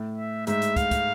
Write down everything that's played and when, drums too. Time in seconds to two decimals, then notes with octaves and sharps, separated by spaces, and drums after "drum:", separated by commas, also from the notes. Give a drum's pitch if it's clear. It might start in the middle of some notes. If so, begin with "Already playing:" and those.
Already playing: A2
0.17 E5
0.47 G#2 E5, drum: hi-hat
0.62 drum: hi-hat
0.76 F5, drum: kick, hi-hat
0.91 drum: kick, hi-hat